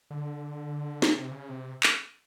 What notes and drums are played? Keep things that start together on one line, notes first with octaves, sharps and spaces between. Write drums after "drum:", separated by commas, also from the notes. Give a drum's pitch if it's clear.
D3
C#3, drum: snare
C3
C#3
C3
drum: clap